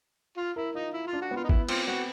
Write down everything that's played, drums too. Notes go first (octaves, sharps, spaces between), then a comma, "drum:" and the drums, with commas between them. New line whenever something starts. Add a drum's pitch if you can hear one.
F4
E4 A#4
D#4 F4
E4
F4
D4
F#4
B3
F4
D#4
B3 E4, drum: kick G#1
C4 F4, drum: cymbal
B3 F#4